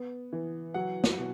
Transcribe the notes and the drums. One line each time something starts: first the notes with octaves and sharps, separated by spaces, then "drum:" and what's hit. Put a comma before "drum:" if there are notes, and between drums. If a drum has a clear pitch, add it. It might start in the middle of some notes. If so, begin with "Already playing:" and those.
Already playing: B3
E3
F#3 F#5
drum: snare
B2